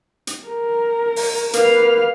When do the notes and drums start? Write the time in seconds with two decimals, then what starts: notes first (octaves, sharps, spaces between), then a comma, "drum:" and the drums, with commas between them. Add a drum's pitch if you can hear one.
0.27 drum: hi-hat
0.47 A#4
1.16 drum: open hi-hat
1.53 A#3 B4 F5, drum: hi-hat